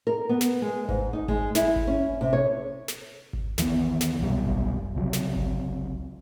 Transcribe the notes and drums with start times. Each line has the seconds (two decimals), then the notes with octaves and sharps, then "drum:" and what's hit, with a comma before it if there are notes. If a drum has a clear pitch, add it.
0.07 A#4
0.29 B3
0.41 drum: snare
0.62 G#3
0.89 G#2, drum: kick G#1
1.13 D#4
1.28 G#3, drum: kick G#1
1.55 E4, drum: snare
1.76 drum: kick G#1
1.87 C#4
2.21 C3
2.33 C#5
2.88 drum: snare
3.33 drum: kick G#1
3.58 D#2 E3 A#3 B3, drum: snare
4.01 drum: snare
4.20 C2 F#2 B2 G3
4.46 drum: kick G#1
4.95 C#2 C3 F3 F#3
5.13 drum: snare
5.36 drum: kick G#1